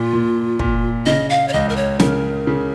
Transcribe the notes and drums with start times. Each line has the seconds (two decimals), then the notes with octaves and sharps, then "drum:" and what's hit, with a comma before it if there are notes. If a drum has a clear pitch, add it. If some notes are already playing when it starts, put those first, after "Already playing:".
Already playing: A#2 F4
0.13 A#2
0.59 A#2, drum: kick
1.06 C#3 D#5
1.30 F5
1.48 C#5
1.53 C#2 D#5
1.69 A#4
1.76 C#5
2.00 C#3 A#4, drum: snare
2.47 C#3